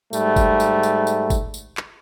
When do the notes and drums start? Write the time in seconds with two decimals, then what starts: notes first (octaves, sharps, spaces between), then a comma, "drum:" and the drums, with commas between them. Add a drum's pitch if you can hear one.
0.13 G#2 G3 A3, drum: tambourine
0.36 drum: kick G1, tambourine
0.60 drum: tambourine
0.83 drum: tambourine
1.07 drum: tambourine
1.30 drum: kick G1, tambourine
1.54 drum: tambourine
1.77 drum: clap